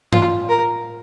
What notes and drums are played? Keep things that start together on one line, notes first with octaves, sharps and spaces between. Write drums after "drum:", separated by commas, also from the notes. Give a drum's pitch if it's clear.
F4, drum: tom G2
A#4